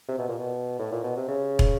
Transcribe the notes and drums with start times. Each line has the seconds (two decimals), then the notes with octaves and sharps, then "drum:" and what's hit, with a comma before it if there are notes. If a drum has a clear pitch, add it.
0.08 C3
0.18 B2
0.28 A#2
0.39 B2
0.79 A2
0.92 A#2
1.04 B2
1.17 C3
1.28 C#3
1.59 drum: kick